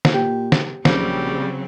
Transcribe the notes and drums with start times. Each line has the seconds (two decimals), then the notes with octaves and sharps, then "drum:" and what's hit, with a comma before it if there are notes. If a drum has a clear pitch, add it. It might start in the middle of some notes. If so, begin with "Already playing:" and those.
0.05 drum: snare
0.14 A#2 G4
0.52 drum: snare
0.85 A#1 C#3 F#3 G3 C4 C#4, drum: snare